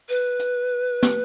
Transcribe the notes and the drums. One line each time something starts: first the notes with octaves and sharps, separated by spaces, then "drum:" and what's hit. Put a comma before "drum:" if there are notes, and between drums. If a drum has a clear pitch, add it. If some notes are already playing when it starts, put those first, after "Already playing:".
B4
drum: hi-hat
drum: snare